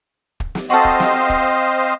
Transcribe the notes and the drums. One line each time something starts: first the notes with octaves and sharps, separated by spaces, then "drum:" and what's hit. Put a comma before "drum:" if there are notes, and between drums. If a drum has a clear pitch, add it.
drum: kick
drum: snare
C4 F#4 A4 C5 D#5 F5
drum: kick
drum: snare
drum: kick